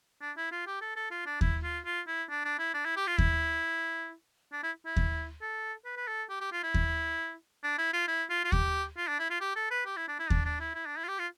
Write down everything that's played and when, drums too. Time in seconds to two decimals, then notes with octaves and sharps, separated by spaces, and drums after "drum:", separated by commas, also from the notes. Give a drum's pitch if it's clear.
0.22 D4
0.37 E4
0.52 F4
0.67 G4
0.81 A4
0.96 A4
1.11 F4
1.26 D4
1.41 E4, drum: kick D#2
1.63 F4
1.85 F4
2.08 E4
2.30 D4
2.45 D4
2.59 E4
2.74 D4
2.85 E4
2.97 G4
3.07 F4
3.18 E4, drum: kick D#2
4.52 D4
4.63 E4
4.86 E4
4.97 drum: kick D#2
5.42 A4
5.85 B4
5.97 B4
6.08 A4
6.30 G4
6.41 G4
6.52 F4
6.63 E4
6.74 drum: kick D#2
7.63 D4
7.78 E4
7.93 F4
8.08 E4
8.30 F4
8.44 F4
8.52 G4, drum: kick D#2
8.97 F4
9.08 D4
9.19 E4
9.30 F4
9.41 G4
9.56 A4
9.71 B4
9.86 G4
9.97 E4
10.08 D4
10.19 E4
10.30 D4, drum: kick D#2
10.45 D4
10.60 E4
10.75 E4
10.86 D4
10.97 E4
11.04 F4
11.08 G4
11.19 F4